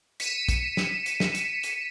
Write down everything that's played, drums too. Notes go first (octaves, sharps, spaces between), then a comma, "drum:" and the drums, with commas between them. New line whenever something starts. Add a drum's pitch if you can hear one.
B6 C#7 D#7 E7, drum: hi-hat
drum: kick, hi-hat
drum: snare
drum: hi-hat
drum: snare
drum: hi-hat
drum: hi-hat